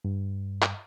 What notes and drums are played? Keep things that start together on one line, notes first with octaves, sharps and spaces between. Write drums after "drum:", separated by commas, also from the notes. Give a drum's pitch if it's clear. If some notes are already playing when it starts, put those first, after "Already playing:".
G2
drum: clap